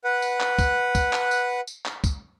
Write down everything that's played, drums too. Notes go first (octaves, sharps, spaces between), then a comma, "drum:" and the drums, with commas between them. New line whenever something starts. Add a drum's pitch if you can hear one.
B4 F#5
drum: tambourine
drum: clap
drum: kick, tambourine
drum: kick, tambourine
drum: clap
drum: tambourine
drum: tambourine
drum: clap
drum: kick, tambourine